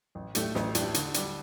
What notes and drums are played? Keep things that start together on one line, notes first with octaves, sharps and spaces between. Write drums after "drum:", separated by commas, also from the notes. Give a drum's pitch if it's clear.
A1
A2 A3 D4 G4, drum: hi-hat
A1, drum: snare
A2 A3 D4 G4, drum: hi-hat
D3, drum: hi-hat
G3 D4, drum: hi-hat